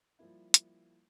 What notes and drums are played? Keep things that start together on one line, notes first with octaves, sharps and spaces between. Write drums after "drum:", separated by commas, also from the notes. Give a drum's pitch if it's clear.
F3 G3 A#3 E4
drum: hi-hat